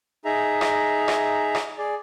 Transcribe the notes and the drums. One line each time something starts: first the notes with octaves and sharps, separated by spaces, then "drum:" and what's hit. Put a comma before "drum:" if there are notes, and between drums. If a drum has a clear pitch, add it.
D#4 G#4 E5 A#5
drum: rim click
drum: rim click
drum: rim click
G#4 D5